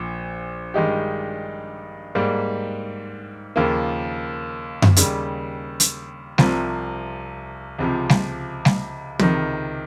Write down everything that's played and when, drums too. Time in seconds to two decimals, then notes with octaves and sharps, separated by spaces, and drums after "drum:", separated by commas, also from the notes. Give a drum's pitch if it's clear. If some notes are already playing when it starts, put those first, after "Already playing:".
Already playing: A#1 A#2
0.74 G2 D#3 G#3 D#4 G4
2.15 G#2 G3 A#3
3.56 D#2 C#3 F3 A#3 F4
4.82 drum: tom F#2
4.96 D#2 C#3 G3, drum: hi-hat
5.80 drum: hi-hat
6.38 C2 C3 F3, drum: snare G3
7.78 C#2 C3 F3
8.09 drum: snare G3
8.65 drum: snare G3
9.19 C#2 C3 D#3, drum: tom